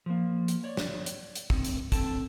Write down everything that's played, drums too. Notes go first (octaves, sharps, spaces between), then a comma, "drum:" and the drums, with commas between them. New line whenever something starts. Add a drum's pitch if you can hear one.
F3 A#3
drum: hi-hat
C#5 D5
drum: snare
drum: hi-hat
drum: hi-hat
C4, drum: kick
drum: hi-hat
C4 A4 G5 A5, drum: kick, hi-hat